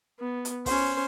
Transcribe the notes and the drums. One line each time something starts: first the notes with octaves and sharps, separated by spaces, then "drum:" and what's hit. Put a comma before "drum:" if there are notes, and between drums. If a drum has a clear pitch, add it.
B3
drum: hi-hat
C#4 C5, drum: kick, open hi-hat